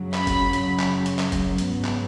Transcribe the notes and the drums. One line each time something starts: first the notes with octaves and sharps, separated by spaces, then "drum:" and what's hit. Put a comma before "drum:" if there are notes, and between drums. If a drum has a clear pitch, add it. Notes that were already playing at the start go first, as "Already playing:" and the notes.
Already playing: F#2 C#3 F#3
B5, drum: clap
drum: kick F#1, hi-hat
drum: hi-hat
drum: clap
drum: hi-hat
drum: clap
drum: kick F#1, hi-hat
drum: hi-hat
G#2 F#3 B3
drum: clap